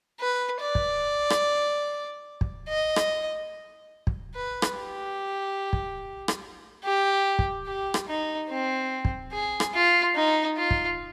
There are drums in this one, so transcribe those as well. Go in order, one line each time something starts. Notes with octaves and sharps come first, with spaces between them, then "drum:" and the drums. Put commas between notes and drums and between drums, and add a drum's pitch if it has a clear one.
B4
D5
drum: kick
drum: rim click
drum: kick
D#5
drum: rim click
drum: kick
B4
drum: rim click
G4
drum: kick
drum: rim click
G4
drum: kick
G4
drum: rim click
D#4
C4
drum: kick
G#4
drum: rim click
F4
D#4
F4
drum: kick